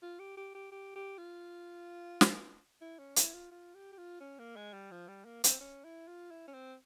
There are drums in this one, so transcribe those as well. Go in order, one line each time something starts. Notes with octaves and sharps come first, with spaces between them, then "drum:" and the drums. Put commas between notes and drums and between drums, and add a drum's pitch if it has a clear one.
F4
G4
G4
G4
G4
G4
F4
drum: snare
E4
C#4
E4, drum: hi-hat
F4
F4
G4
G4
F4
C#4
A#3
G#3
G3
F3
G3
A#3
C4, drum: hi-hat
C#4
E4
F4
E4
C#4
C4